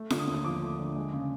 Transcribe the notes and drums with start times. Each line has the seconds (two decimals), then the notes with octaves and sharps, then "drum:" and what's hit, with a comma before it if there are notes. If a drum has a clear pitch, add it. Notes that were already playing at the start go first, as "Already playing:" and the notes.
Already playing: A3
0.10 D3, drum: snare
0.19 D#6
0.28 D#2
0.34 D#6
0.44 F3 D6
0.62 A3
0.79 D3
0.96 G#3
1.13 C#3